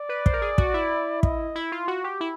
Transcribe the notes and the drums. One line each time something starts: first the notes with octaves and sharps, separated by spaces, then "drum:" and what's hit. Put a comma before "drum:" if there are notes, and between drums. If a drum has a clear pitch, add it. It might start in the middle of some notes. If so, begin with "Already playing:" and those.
Already playing: D5
B4
C5, drum: kick
A#4
G#4
F#4, drum: kick
E4
D#5, drum: kick
E4
F4
F#4
G4
E4